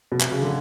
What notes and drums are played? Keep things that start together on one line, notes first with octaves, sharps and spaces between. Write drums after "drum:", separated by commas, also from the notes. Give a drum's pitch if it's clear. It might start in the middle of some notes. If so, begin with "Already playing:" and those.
B2
C3, drum: clap
C#3
D3